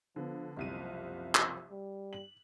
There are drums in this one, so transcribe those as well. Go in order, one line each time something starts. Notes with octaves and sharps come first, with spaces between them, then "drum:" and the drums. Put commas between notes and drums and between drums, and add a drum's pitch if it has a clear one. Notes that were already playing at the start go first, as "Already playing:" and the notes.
D3 F3 B3
F#1 C2 F3 D#7
drum: clap
G3
F#7